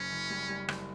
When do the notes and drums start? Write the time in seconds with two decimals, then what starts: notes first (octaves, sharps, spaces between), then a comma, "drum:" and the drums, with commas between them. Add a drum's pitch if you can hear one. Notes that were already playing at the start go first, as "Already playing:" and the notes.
Already playing: F#1 F#2 C#4
0.12 F#1
0.30 G3
0.49 G3
0.69 F#1, drum: rim click